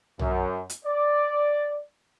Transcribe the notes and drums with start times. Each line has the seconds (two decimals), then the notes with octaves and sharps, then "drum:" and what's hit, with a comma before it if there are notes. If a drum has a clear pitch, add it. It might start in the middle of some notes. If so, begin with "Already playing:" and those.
0.19 F#2, drum: tom B1
0.70 drum: hi-hat
0.85 D5